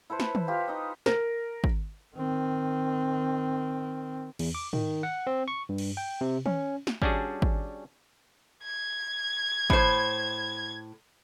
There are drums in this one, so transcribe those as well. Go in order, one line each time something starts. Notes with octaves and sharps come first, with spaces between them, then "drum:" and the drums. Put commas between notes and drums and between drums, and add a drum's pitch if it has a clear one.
E4 A4 B4 C5
drum: snare
drum: tom
F4 G4 F5
D#4 D#5
A#4, drum: snare
drum: kick
D#3 C4
E2, drum: cymbal
D6
D#3, drum: tom G#2
F#5
C4
C#6
G2
drum: cymbal
G5
C3
C#4, drum: tom
drum: snare
G3 C#4 D4 F#4 G#4, drum: kick
drum: kick
G#6
A2 C5, drum: kick